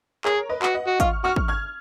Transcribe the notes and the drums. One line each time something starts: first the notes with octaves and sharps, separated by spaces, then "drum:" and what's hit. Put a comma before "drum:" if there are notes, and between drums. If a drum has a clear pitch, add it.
G#4 A#4 C#5, drum: clap
B4 D#5
F#4, drum: clap
D#5 F#5
F#4
F4 C#6 F6, drum: kick, hi-hat
F#4 C#6 F6
drum: kick
F6 G#6